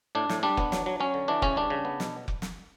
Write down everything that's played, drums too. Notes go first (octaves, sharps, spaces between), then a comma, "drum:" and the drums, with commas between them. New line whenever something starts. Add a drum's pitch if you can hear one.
A2 D4
A2, drum: snare
G3 D4
B3, drum: kick F1
F#3, drum: snare
F#3
F#3 C#4
D3
E3 D4
C#3 C#4, drum: kick F1
G3 D4
C#3
B3
B2, drum: snare
drum: kick F1
drum: snare